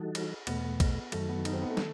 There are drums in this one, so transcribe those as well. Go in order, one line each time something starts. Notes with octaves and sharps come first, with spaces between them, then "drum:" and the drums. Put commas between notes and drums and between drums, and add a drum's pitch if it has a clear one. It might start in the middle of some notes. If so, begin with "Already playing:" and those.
Already playing: E3 G3 D#4 F#4 A4
drum: cymbal
E2 B2 A3 B3, drum: cymbal
drum: kick A#1, cymbal
F#2 D#3 F#3 A3, drum: cymbal
B3
D#4, drum: cymbal
C4
B3
A3
D#3, drum: snare